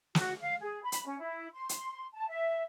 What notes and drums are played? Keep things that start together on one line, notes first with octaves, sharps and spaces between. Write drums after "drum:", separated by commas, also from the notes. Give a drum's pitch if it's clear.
F#4, drum: snare
F5
G#4
B5
drum: hi-hat
C#4
E4
C6
drum: hi-hat
A5
E5